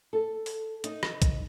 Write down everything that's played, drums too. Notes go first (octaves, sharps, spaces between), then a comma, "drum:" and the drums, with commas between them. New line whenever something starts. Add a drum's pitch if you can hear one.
A4
drum: open hi-hat
D#4, drum: hi-hat
drum: rim click
drum: kick, hi-hat